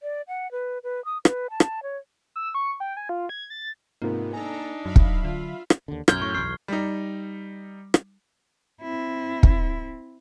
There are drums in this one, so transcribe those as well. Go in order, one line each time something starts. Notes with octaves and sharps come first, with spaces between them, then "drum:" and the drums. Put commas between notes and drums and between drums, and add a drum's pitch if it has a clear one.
D5
F#5
B4
B4
D#6
B4, drum: rim click
A5
drum: rim click
C#5
E6
C#6
G5
G#5
F4
G#6
A6
G#2 C3 A#3 B3 D#4 F4 A#4
D4 D#4 A4 G#5 A#5
F#2 F#3 E5 F5 B5
drum: kick
D3 F4
drum: rim click
D#2 D3
B1 F#2 F6 G6 G#6 G7, drum: rim click
A2 C#6
B1 E2 C#6 F6 C7
G3 D#4
drum: rim click
C4 E4
drum: kick